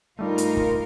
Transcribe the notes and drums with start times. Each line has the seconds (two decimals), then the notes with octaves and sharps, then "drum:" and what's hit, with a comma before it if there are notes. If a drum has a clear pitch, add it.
0.19 G2 G3 A3 D#4 F4 A#4
0.38 drum: hi-hat
0.57 drum: kick